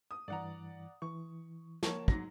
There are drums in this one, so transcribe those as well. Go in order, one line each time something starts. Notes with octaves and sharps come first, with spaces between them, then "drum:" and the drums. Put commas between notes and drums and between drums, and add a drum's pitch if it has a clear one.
D#6
G2 E3 D5 F#5 A#5
E3 C#6
F3 A#3 C#5 A5, drum: snare
G#2 F#3 A#6, drum: kick